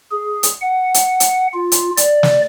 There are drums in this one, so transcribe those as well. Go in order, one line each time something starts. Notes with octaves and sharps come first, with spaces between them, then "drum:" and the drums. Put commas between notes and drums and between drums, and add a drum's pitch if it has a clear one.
G#4
drum: hi-hat
F#5
drum: hi-hat
drum: hi-hat
F4
drum: hi-hat
D5, drum: hi-hat
drum: snare